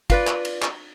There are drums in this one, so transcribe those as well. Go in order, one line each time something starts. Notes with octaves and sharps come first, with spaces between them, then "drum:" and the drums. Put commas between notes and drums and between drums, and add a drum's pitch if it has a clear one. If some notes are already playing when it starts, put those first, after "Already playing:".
F4 B4 D5, drum: kick, cymbal
drum: clap
drum: cymbal
drum: clap